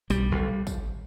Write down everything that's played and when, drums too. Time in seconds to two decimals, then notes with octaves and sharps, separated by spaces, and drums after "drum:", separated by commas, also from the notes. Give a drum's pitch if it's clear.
0.10 B1 G3, drum: tambourine
0.31 B1
0.67 drum: kick, tambourine